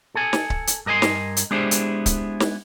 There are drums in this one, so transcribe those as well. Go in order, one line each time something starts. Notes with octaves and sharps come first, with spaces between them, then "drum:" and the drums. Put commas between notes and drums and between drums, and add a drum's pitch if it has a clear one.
A4 G#5
drum: snare
drum: kick C#1
drum: hi-hat
G2 A#4 D#5 G#5 C6
drum: snare
drum: hi-hat
G#3 B3 D4 E4 G4 C5
drum: hi-hat
drum: kick C#1, hi-hat
drum: snare